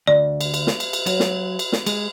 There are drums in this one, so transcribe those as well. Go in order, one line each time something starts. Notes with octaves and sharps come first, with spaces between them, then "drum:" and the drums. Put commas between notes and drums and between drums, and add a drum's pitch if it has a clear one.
D2 D5
drum: cymbal
drum: cymbal
drum: snare
drum: cymbal
drum: cymbal
F#3, drum: cymbal
drum: snare
drum: cymbal
drum: snare
G#3, drum: cymbal